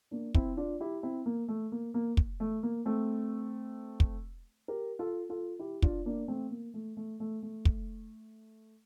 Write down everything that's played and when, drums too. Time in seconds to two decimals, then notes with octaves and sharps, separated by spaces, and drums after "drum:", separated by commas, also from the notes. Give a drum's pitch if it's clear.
0.11 A#3 D4
0.34 C4 E4, drum: kick
0.57 D4 F4
0.80 E4 G4
1.03 C4 E4
1.26 A#3
1.48 A3
1.72 A#3
1.94 A#3
2.17 drum: kick
2.40 A3
2.63 A#3
2.86 A3 C4
4.00 drum: kick
4.68 G4 A#4
4.99 F4 A4
5.29 F4 A4
5.59 E4 G4
5.82 D4 F4, drum: kick
6.06 A#3 D4
6.28 A3 C4
6.51 A#3
6.74 A3
6.97 A3
7.20 A3
7.43 A3
7.65 drum: kick